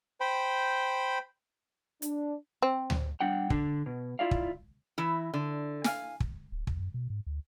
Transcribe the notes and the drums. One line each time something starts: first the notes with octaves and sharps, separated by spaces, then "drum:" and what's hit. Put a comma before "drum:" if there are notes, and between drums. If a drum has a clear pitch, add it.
C5 G5 B5
D4, drum: hi-hat
C4
drum: tom D2
G3 D4 F#5 G5
D3 D4, drum: kick
B2
E4 F4 D5 F5
drum: kick
E3 E4
D3
F5 G#5, drum: snare
drum: kick
D1
E2, drum: kick
F#2
B2
G#2
D2